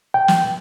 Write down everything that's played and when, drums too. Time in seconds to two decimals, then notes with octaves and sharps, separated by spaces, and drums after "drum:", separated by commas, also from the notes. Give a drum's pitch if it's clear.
0.14 G5
0.28 drum: snare